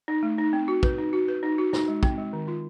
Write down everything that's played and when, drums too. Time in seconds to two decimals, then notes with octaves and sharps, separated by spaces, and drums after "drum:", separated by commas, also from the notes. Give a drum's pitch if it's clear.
0.08 D#4
0.23 A3
0.38 D#4
0.53 C4
0.68 F#4
0.83 B4, drum: kick
0.98 D#4
1.13 F#4
1.28 B4
1.43 D#4
1.58 F#4
1.73 D#4, drum: snare
1.88 G#3
2.03 C4, drum: kick
2.18 G#3
2.33 D#3
2.48 F4